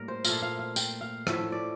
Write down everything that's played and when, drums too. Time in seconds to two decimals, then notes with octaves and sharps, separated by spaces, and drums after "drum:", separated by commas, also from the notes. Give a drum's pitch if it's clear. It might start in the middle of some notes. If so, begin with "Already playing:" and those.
Already playing: A2 G3 A#3 A#4
0.08 C5
0.24 A#2 A3 F5, drum: tambourine
0.42 F5
0.59 F5
0.76 G5, drum: tambourine
1.01 F5
1.27 A2 F3 A3 E5, drum: rim click
1.52 D5